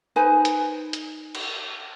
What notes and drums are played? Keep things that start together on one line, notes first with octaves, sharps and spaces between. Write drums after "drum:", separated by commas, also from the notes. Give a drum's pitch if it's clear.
D#4 B4 C5 G#5
drum: hi-hat
drum: hi-hat
drum: cymbal